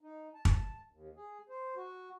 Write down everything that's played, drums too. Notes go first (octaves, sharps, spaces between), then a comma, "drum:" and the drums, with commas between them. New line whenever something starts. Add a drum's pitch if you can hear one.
D#4
A5
drum: kick
D#2
G#4
C5
F#4